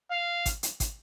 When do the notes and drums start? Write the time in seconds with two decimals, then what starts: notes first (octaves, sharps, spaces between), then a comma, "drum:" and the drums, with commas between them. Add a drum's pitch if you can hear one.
0.11 F5
0.46 drum: kick, hi-hat
0.63 drum: hi-hat
0.80 drum: kick, hi-hat